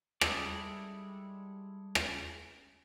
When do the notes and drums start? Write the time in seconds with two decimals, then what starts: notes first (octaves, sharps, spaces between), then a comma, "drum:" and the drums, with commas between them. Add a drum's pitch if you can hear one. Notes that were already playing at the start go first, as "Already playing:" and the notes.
0.21 G3 G#3 E4 A4 D5, drum: rim click
1.95 drum: rim click